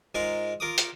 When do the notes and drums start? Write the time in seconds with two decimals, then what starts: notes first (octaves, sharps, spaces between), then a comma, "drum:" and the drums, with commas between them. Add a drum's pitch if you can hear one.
0.15 G#2 G#3 F4 A#4 F5
0.60 F4 A#4 D6 D#6
0.78 drum: hi-hat